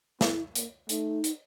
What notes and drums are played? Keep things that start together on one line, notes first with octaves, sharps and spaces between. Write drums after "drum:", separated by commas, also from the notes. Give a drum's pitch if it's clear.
B3 E4, drum: snare
A#3, drum: hi-hat
A3 D#4, drum: hi-hat
drum: hi-hat